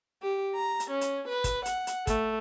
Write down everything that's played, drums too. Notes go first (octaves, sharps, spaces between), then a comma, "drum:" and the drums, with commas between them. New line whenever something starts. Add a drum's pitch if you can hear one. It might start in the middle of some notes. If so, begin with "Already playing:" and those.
G4
A#5
drum: hi-hat
C#4
drum: hi-hat
B4
drum: kick, hi-hat
F#5, drum: hi-hat
drum: hi-hat
A3, drum: kick, hi-hat